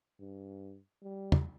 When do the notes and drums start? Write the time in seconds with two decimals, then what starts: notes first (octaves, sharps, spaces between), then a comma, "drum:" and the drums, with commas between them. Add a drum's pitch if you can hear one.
0.20 G2
1.02 G3
1.32 drum: tom